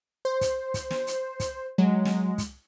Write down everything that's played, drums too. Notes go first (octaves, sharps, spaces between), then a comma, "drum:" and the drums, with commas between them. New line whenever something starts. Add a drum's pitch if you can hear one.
C5
drum: kick, hi-hat
drum: kick, hi-hat
drum: snare
drum: hi-hat
drum: kick, hi-hat
F#3 G#3
drum: snare
drum: kick, hi-hat